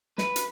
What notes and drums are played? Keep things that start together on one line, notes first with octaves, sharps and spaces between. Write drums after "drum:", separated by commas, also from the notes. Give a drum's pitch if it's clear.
B4, drum: snare
drum: hi-hat